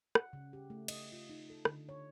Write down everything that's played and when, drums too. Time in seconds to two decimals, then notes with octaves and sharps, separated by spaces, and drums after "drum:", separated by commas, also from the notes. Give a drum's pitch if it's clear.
0.15 F#5, drum: rim click
0.33 C#3
0.53 G4
0.70 A3
0.88 D#5, drum: cymbal
1.12 F4
1.29 D#4
1.50 A4
1.65 D3, drum: rim click
1.89 C#5